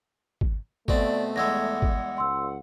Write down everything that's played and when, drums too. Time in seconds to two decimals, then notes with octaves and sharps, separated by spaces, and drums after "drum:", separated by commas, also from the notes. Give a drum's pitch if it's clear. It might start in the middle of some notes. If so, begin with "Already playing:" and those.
0.41 drum: kick G#1
0.88 B2 A3 C4 D5, drum: kick G#1
1.36 E2 G3 G#3 F#5 E6 G#6 A#6
1.82 drum: kick G#1
2.18 C#2 C6 E6